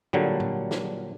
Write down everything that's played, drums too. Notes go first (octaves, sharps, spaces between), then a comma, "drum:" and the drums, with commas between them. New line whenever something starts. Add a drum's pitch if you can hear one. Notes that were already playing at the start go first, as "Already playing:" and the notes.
A#2 D3 F#3 G3, drum: tom
drum: tom
drum: snare